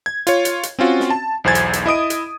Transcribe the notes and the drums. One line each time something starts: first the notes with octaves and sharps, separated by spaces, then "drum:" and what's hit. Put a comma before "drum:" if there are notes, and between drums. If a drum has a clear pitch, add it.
G#6
F4 C#5, drum: hi-hat
drum: hi-hat
drum: hi-hat
C4 C#4 F4 F#4
drum: snare
A5
B1 E2 C5 G#5 G#6 A6
drum: hi-hat
drum: hi-hat
E4 D#5 D#6 D7
drum: hi-hat